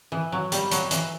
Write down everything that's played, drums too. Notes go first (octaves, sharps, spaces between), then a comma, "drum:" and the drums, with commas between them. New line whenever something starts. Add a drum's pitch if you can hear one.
E3
F#3
G3, drum: hi-hat
F#3, drum: hi-hat
E3, drum: hi-hat